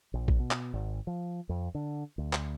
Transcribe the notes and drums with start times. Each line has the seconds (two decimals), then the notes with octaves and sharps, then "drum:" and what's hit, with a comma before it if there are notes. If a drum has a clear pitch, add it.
0.14 A#1
0.28 drum: kick A#1
0.40 B2
0.51 drum: clap
0.74 G#1
1.07 F3
1.49 F2
1.75 D3
2.18 D2
2.33 drum: clap